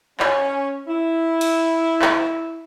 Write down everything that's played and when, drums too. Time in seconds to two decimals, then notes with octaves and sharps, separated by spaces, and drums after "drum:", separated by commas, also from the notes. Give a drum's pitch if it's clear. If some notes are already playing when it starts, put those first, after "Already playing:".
0.20 C#4, drum: clap
0.87 E4
1.41 drum: cymbal
2.02 drum: clap